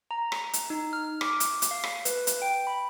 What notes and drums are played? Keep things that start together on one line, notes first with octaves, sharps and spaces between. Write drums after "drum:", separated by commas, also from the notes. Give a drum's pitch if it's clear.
A#5
drum: rim click
drum: hi-hat
D#4
F6
D6, drum: rim click
drum: hi-hat
drum: hi-hat
F5
drum: rim click
B4, drum: hi-hat
drum: hi-hat
G5
B5